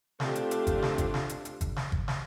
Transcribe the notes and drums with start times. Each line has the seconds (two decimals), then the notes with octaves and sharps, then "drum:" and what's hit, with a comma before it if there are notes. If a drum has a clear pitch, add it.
0.20 A3 C4 D4 F4 G4, drum: snare
0.35 drum: hi-hat
0.51 drum: hi-hat
0.67 drum: kick, hi-hat
0.82 drum: snare
0.98 drum: kick, hi-hat
1.14 drum: snare
1.29 drum: hi-hat
1.45 drum: hi-hat
1.61 drum: kick, hi-hat
1.76 drum: snare
1.92 drum: kick
2.08 drum: snare